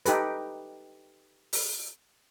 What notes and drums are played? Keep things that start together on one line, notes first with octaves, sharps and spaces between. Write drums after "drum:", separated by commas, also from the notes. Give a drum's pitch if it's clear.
D#4 G4 A4 B4, drum: hi-hat
drum: open hi-hat